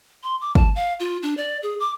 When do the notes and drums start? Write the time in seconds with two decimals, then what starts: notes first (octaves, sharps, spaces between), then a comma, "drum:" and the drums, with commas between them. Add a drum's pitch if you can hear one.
0.23 C6
0.41 D6
0.55 A5, drum: kick
0.76 F5
1.00 F4
1.23 D4
1.37 D5
1.63 G#4
1.80 D6